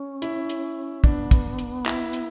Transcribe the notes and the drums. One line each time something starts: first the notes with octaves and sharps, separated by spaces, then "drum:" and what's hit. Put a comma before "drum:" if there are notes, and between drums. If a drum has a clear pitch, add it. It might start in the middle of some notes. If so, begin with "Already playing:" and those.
Already playing: C#4
E4, drum: hi-hat
drum: hi-hat
B3 D4, drum: kick
drum: kick, hi-hat
drum: hi-hat
E4, drum: clap
drum: hi-hat